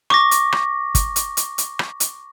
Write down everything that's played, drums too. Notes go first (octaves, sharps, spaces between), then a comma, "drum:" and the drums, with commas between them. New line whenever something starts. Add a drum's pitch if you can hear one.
C#6 D6 A#6, drum: rim click
drum: hi-hat
drum: rim click
drum: kick, hi-hat
drum: hi-hat
drum: hi-hat
drum: hi-hat
drum: rim click
drum: hi-hat